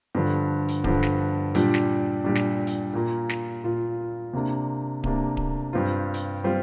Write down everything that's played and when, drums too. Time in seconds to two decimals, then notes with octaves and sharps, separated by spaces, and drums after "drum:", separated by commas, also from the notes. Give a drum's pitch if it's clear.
0.15 G2 D3 F3
0.68 drum: hi-hat
0.84 G2 D3 F3, drum: kick D1
1.03 drum: snare
1.55 A#2 G3 D4, drum: hi-hat
1.74 drum: snare
2.24 A#2 G3 D4
2.35 drum: snare
2.67 drum: hi-hat
2.93 A#2 A#3 F4
3.29 drum: snare
3.64 A#2 A#3 F4
4.33 C3 A#3 D4
5.04 C3 A#3 D4, drum: kick D1
5.37 drum: kick D1
5.73 G2 G3 C4 F4
6.14 drum: hi-hat
6.44 G3 C4 F4